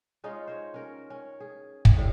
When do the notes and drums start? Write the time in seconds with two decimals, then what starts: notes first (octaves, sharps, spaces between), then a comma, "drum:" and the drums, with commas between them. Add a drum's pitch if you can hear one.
0.24 G#3 C#4 D#4 F4
0.47 C5 C#5
0.74 C#4 A#4
1.10 C#4
1.40 G#4
1.85 drum: kick
1.97 A2 G3 E5 F5